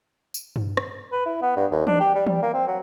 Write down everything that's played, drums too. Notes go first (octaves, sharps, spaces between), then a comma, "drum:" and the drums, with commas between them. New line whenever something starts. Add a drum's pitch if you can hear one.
drum: tambourine
drum: tom G2
drum: rim click
B4
E4
B3
G2
D#2
D4, drum: tom E3
G4
G3
G3, drum: tom E3
A#3
C4
F#3